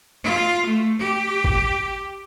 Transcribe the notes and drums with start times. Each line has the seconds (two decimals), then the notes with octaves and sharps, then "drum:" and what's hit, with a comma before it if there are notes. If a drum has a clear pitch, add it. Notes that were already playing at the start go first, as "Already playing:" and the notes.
0.24 F4
0.66 A3
0.99 G4
1.44 drum: kick G#1